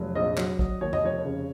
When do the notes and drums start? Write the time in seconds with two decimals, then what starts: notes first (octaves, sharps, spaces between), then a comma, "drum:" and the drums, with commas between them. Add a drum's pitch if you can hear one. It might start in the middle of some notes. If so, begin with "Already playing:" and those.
Already playing: F1 F#3
0.15 A#1 D#5
0.37 F#3, drum: clap
0.59 F#3, drum: kick
0.81 D#2 C#5
0.93 D#5, drum: tom F2
1.03 F1 C#5
1.25 C#3